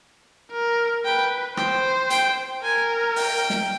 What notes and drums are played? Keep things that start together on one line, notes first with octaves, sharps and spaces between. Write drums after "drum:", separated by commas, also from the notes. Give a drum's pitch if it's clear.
A#4
B4 G5
C5 G5, drum: rim click
G5, drum: hi-hat
A#4 G#5
G5, drum: open hi-hat
drum: snare